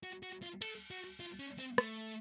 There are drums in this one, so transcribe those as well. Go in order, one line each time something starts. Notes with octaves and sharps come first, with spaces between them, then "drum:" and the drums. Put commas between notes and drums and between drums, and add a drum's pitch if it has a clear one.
F#4
F#4
F4
A4, drum: cymbal
F#4
F4
C#4
C4
A3, drum: rim click